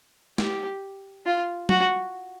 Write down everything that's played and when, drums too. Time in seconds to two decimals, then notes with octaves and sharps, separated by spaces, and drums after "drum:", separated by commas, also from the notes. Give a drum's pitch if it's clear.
0.38 G4, drum: snare
1.26 F4
1.69 F#4, drum: tom F#3